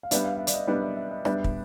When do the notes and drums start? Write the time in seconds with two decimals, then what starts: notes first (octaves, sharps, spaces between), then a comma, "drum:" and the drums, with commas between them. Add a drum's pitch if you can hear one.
0.03 F5
0.11 G3 B3 D4 E5, drum: hi-hat
0.25 F5
0.35 F5
0.39 E5
0.47 D5, drum: hi-hat
0.54 D#5
0.67 G3 B3 D4 D5
0.76 D#5
0.82 E5
0.96 E5
1.11 D#5
1.25 G3 B3 D4 E5, drum: rim click
1.44 drum: kick